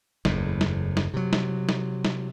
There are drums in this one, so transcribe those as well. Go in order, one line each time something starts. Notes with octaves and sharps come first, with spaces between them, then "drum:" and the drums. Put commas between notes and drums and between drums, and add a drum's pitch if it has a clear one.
F#1 E2 A2, drum: snare
drum: snare
drum: snare
C3 F#3
drum: snare
drum: snare
drum: snare